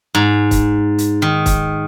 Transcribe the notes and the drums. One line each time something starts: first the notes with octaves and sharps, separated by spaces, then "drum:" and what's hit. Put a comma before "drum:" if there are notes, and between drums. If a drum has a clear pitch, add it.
G#2
drum: kick, hi-hat
drum: hi-hat
D#3
drum: kick, hi-hat